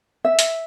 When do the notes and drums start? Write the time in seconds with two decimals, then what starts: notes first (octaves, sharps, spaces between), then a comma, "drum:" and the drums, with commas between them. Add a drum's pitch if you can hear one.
0.25 E5
0.39 drum: hi-hat